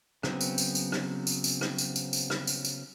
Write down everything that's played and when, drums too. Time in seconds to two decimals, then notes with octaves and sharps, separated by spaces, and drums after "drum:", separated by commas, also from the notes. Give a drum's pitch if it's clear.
0.23 C#3 F#3 B3 C4, drum: rim click
0.41 drum: tambourine
0.58 drum: tambourine
0.75 drum: tambourine
0.92 drum: rim click
1.27 drum: tambourine
1.44 drum: tambourine
1.61 drum: rim click
1.78 drum: tambourine
1.96 drum: tambourine
2.13 drum: tambourine
2.30 drum: rim click
2.47 drum: tambourine
2.65 drum: tambourine